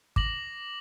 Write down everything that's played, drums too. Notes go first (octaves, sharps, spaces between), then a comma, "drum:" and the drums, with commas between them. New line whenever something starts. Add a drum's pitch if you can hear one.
D6 A#6 F#7, drum: kick